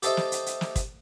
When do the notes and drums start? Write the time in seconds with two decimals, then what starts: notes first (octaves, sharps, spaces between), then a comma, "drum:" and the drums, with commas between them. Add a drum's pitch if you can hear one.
0.03 G4 A4 C5 D#5 E5 G5, drum: hi-hat
0.17 drum: snare
0.32 drum: hi-hat
0.46 drum: hi-hat
0.61 drum: snare
0.76 drum: kick, hi-hat